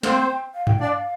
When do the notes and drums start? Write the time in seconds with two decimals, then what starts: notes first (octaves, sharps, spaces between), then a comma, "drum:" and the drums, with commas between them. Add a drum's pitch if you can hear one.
0.03 C4 C5 F5, drum: snare
0.28 G5
0.54 F5
0.67 G5, drum: tom G2
0.79 D4 D5 F5